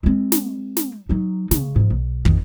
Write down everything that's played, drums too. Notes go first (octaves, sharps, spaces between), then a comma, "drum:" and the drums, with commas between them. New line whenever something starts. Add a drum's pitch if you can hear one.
G#3 C4
drum: snare
drum: snare
F#3 D#4
C#3, drum: snare
G#2 F3
B1
F2 D#3, drum: kick